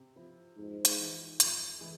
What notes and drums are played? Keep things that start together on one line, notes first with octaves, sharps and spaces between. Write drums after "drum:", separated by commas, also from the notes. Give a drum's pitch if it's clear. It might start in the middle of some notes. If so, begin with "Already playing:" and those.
Already playing: C3
F3 C4 E4
F2 G#2
drum: hi-hat
E3 G#3 E4 G#4
F2, drum: hi-hat
E3 G#3 E4 G#4